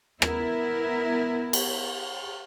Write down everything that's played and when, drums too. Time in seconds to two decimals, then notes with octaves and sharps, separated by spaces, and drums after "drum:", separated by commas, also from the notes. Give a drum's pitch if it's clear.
0.22 B3 E4 A#4 E5, drum: rim click
1.53 drum: cymbal